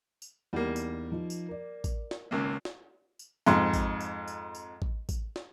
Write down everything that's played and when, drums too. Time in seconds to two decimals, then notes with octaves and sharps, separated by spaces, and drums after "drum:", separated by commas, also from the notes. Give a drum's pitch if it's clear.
0.22 drum: tambourine
0.53 E2 G3 A#3 D#4 F#5
0.76 drum: tambourine
1.12 F3 D#4
1.30 drum: tambourine
1.49 A#4 D5
1.84 drum: kick, tambourine
2.11 drum: snare
2.31 G#1 C#2 A#3
2.65 drum: snare
3.19 drum: tambourine
3.46 F2 G#2, drum: tambourine
3.73 drum: kick, tambourine
4.01 drum: tambourine
4.28 drum: tambourine
4.55 drum: tambourine
4.82 drum: kick
5.09 drum: kick, tambourine
5.36 drum: snare